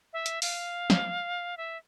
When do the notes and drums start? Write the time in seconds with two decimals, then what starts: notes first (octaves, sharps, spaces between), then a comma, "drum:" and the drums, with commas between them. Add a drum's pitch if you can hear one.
0.13 E5
0.26 drum: hi-hat
0.42 F5, drum: open hi-hat
0.90 drum: snare
1.57 E5